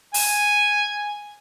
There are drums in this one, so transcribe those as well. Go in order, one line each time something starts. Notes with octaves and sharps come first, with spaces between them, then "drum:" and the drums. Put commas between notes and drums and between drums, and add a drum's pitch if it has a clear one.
G#5, drum: open hi-hat